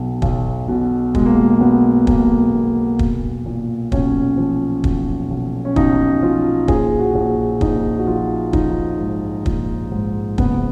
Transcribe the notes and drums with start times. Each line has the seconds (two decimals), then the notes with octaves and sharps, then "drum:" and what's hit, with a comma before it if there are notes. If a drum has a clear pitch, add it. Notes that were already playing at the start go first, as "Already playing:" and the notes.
Already playing: B1 B2 F#3
0.22 B1, drum: kick
0.68 B2
1.15 B2 G#3, drum: kick
1.26 A#3
1.36 G#3
1.61 B2 B3
2.07 B1 A#3, drum: kick
2.54 B2
2.99 B1, drum: kick
3.46 A#2
3.92 B1 C#4, drum: kick
4.37 F3
4.84 B1, drum: kick
5.30 B1
5.65 C#4
5.76 B1 D#4, drum: kick
6.22 F3 F4
6.68 A#1 G#4, drum: kick
6.99 F#4
7.15 A#1
7.61 A#1 D#4, drum: kick
7.99 F#4
8.07 F3 F4
8.53 F3 D#4, drum: kick
8.99 G#2
9.46 A#1, drum: kick
9.92 G#2
10.38 F#1 B3, drum: kick